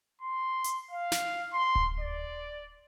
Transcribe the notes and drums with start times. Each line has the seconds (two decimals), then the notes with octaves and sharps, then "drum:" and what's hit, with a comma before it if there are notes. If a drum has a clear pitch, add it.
0.22 C6
0.64 drum: hi-hat
0.91 F5
1.12 drum: snare
1.53 C6
1.75 drum: kick D1
2.00 D5